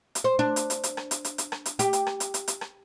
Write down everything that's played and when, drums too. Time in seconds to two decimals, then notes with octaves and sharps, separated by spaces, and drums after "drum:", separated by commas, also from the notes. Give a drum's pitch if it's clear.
0.15 drum: hi-hat
0.24 C5
0.39 D4
0.56 drum: hi-hat
0.70 drum: hi-hat
0.84 drum: hi-hat
0.97 drum: rim click
1.11 drum: hi-hat
1.25 drum: hi-hat
1.38 drum: hi-hat
1.52 drum: rim click
1.66 drum: hi-hat
1.79 G4, drum: hi-hat
1.93 drum: hi-hat
2.07 drum: rim click
2.20 drum: hi-hat
2.34 drum: hi-hat
2.48 drum: hi-hat
2.61 drum: rim click